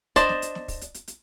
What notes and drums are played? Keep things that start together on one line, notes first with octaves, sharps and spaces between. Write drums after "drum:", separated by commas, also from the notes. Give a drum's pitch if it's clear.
D4 C5 D5 D#5, drum: kick, hi-hat
drum: snare
drum: hi-hat
drum: snare
drum: kick, open hi-hat
drum: hi-hat
drum: hi-hat
drum: hi-hat